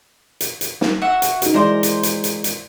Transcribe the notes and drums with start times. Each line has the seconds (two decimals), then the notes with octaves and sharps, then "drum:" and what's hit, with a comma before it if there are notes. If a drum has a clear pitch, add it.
0.40 drum: hi-hat
0.61 drum: hi-hat
0.81 drum: snare
1.02 F#4 E5 F#5
1.22 drum: hi-hat
1.42 D#4 F#4, drum: hi-hat
1.54 E3 G#3 A#4 C5 D5
1.83 drum: hi-hat
2.03 drum: hi-hat
2.24 drum: hi-hat
2.44 drum: hi-hat